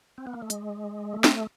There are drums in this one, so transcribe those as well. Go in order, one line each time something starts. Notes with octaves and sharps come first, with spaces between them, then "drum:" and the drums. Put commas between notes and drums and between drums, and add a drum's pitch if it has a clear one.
C4
B3
A#3
A3
G#3, drum: hi-hat
A3
drum: snare